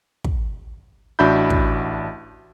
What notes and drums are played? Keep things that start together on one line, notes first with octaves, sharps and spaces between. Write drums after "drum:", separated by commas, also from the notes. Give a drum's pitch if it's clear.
drum: kick
A1 D4 F#4 E5 B5 G6
drum: kick